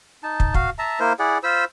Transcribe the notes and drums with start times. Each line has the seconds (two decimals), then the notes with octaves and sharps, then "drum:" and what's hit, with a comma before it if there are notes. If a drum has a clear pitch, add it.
0.23 D#4 A5
0.40 drum: kick
0.54 F#4 F5, drum: kick
0.79 E5 A5 A#5
1.00 A#3 E4 A#4 C5
1.19 E4 G#4 D5 F#5
1.43 F4 C5 B5 E6